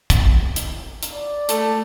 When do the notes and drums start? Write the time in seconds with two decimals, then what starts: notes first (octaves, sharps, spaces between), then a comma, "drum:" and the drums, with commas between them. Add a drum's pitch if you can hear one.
0.10 drum: kick, hi-hat
0.56 drum: hi-hat
1.03 drum: hi-hat
1.13 D5
1.49 A3, drum: hi-hat